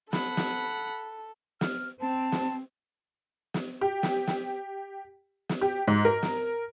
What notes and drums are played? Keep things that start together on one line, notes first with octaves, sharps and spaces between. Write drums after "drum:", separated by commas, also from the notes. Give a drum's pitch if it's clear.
A4 F#5 B5, drum: snare
drum: snare
F6, drum: snare
C4 A5
drum: snare
drum: snare
G4
drum: snare
drum: snare
drum: snare
G4
G#2
A#4
drum: snare